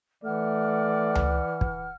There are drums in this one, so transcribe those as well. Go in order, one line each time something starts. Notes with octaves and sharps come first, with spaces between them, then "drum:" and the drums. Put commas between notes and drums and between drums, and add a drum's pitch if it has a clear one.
E3 A3 D5 F#5 F6
drum: tom C#2
drum: kick